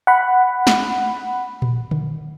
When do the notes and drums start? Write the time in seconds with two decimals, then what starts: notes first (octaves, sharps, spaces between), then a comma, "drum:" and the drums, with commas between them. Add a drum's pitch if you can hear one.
0.07 F#5 B5
0.67 drum: snare
1.62 drum: tom A#2
1.91 drum: tom D3